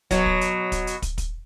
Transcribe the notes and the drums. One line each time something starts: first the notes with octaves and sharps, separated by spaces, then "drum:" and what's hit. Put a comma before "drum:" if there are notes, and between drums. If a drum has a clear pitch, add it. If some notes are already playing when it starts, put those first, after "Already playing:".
B2 F#3, drum: kick, hi-hat
drum: kick
drum: hi-hat
drum: kick, hi-hat
drum: hi-hat
drum: kick, hi-hat
drum: kick, hi-hat